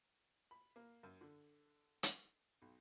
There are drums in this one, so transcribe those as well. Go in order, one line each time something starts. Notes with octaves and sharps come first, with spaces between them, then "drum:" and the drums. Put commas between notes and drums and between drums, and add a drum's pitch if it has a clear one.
B5
A#3
F#2
D3
drum: hi-hat
B1